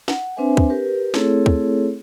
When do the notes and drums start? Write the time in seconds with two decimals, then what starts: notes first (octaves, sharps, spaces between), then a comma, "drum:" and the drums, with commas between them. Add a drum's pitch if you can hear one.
0.08 F#5, drum: snare
0.37 C4 D4 B4 C5 E5 G#5
0.57 drum: kick
0.70 G4 A#4 B4
1.14 A3 C4 E4 G#4 A4 C#5, drum: snare
1.46 drum: kick